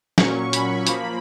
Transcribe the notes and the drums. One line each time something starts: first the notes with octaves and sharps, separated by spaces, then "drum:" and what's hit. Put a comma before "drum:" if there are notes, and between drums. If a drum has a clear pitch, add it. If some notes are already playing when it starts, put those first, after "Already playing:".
A#2 F#3 C#4 C#6, drum: snare
B5, drum: hi-hat
F3 A#3 B5, drum: hi-hat